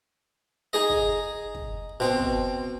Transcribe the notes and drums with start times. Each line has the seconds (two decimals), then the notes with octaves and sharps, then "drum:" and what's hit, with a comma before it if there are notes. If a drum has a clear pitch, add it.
0.73 D#4 G#4 D#5
0.90 drum: kick
1.55 drum: kick
2.00 B2 C4
2.20 drum: kick